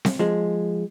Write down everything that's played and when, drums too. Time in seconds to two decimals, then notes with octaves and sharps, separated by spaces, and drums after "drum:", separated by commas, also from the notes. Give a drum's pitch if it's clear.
0.05 drum: snare C4
0.19 F3 G#3